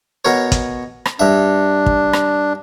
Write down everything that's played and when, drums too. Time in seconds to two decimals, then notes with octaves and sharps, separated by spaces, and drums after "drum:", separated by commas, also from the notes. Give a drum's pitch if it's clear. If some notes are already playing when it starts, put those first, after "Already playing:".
0.25 B2 A#4 C#5
0.52 drum: kick, hi-hat
1.06 drum: rim click
1.20 G2 D4 E5
1.86 drum: kick
2.13 drum: rim click